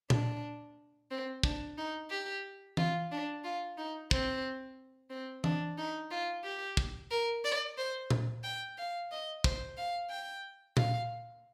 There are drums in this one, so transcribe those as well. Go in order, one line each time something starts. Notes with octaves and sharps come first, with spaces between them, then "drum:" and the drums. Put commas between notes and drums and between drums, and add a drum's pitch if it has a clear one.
D4, drum: tom A#2
C4
D4, drum: kick
D#4
G4
F4, drum: tom E3
D4
F4
D#4
C4, drum: kick
C4
D4, drum: tom E3
D#4
F4
G4
drum: kick
A#4
D5
C5
drum: tom A#2
G5
F5
D#5
C5, drum: kick
F5
G5
F5, drum: tom A#2